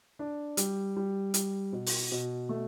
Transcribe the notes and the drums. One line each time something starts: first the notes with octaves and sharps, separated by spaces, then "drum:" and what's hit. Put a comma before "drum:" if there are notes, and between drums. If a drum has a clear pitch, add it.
D4
G3, drum: hi-hat
G3
G3, drum: hi-hat
B2
drum: open hi-hat
B2
A3